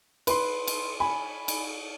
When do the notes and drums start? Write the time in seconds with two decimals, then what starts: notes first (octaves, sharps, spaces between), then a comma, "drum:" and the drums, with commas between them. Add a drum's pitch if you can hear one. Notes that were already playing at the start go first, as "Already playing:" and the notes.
0.27 B4 C6, drum: cymbal
0.67 drum: cymbal
1.00 G#5 B5
1.48 drum: cymbal